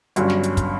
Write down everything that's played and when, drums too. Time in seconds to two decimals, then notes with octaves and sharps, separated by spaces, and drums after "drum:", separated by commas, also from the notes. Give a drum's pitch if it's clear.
0.16 G1 G2 F#3 C#4, drum: hi-hat
0.30 drum: snare
0.43 drum: hi-hat
0.57 drum: kick, hi-hat